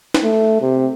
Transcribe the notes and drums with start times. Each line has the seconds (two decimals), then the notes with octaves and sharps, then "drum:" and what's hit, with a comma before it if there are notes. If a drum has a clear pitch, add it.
0.14 drum: snare
0.24 A3
0.61 C3